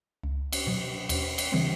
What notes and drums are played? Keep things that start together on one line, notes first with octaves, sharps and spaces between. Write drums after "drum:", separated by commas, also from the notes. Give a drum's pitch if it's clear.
C#2
drum: cymbal
B2 F#3
D#2, drum: cymbal
drum: cymbal
C#3 E3 G3 C4